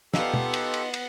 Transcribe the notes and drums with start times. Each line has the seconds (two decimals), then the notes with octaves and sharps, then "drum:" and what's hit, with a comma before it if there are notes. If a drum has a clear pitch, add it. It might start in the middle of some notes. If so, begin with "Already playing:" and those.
0.14 B3 D#4 F4 G4 A4 F#5 E6, drum: snare
0.34 drum: tom B2
0.54 drum: cymbal
0.74 drum: cymbal
0.94 drum: cymbal